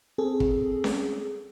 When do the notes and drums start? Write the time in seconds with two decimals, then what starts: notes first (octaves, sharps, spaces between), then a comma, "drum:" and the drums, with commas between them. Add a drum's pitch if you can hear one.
0.18 C4 G#4 A4
0.40 drum: kick
0.84 drum: snare C#4